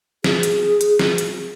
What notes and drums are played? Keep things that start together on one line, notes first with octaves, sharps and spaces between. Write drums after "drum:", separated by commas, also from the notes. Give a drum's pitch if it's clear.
G#4, drum: snare
drum: hi-hat
drum: hi-hat
drum: snare
drum: hi-hat